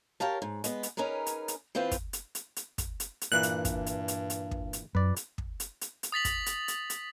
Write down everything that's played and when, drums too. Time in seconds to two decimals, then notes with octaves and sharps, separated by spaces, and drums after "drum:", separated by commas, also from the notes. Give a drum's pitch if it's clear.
0.20 G4 A#4 C#5 F5 A5
0.42 G#2
0.64 G#3 B3, drum: hi-hat
0.83 drum: hi-hat
0.97 C#4 D#4 G#4 A#4 B4
1.26 drum: hi-hat
1.48 drum: hi-hat
1.75 E3 C4 F4 B4 C5
1.91 drum: kick, hi-hat
2.13 drum: hi-hat
2.35 drum: hi-hat
2.56 drum: hi-hat
2.78 drum: kick, hi-hat
3.00 drum: hi-hat
3.21 drum: hi-hat
3.32 G2 A#2 E3 A#3 F#6
3.43 drum: hi-hat
3.65 drum: kick, hi-hat
3.86 drum: hi-hat
4.08 drum: hi-hat
4.30 drum: hi-hat
4.51 drum: kick
4.73 drum: hi-hat
4.95 F#2 A#2 B4 D5
5.16 drum: hi-hat
5.38 drum: kick
5.60 drum: hi-hat
5.81 drum: hi-hat
6.03 drum: hi-hat
6.12 D#6 A6 B6 F#7
6.25 drum: kick, hi-hat
6.46 drum: hi-hat
6.68 drum: hi-hat
6.90 drum: hi-hat